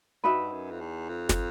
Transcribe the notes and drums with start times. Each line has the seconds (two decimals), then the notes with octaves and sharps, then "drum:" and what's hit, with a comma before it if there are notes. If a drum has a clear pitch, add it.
0.24 G2 D#4 F#4 B4 E5
0.52 F#2
0.71 F2
0.81 E2
1.09 F2
1.29 drum: snare